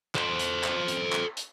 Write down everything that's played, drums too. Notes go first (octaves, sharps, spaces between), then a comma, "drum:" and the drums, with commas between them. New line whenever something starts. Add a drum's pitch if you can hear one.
A4 C5, drum: clap
drum: hi-hat
drum: clap
drum: hi-hat
drum: clap
drum: hi-hat